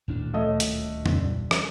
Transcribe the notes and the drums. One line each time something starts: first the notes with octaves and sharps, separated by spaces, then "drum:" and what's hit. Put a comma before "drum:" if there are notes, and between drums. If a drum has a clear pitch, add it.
D#1 D2 A2 D4
A3 C#5 D#5
A#2, drum: hi-hat
drum: tom
G3
drum: rim click